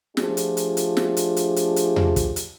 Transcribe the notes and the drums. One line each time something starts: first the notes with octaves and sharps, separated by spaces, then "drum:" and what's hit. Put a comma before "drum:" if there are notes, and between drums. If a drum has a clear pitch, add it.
F3 A3 D4 F4 G4 G#4, drum: snare
drum: hi-hat
drum: hi-hat
drum: hi-hat
drum: snare
drum: hi-hat
drum: hi-hat
drum: hi-hat
drum: hi-hat
drum: tom E2
drum: kick, hi-hat
drum: hi-hat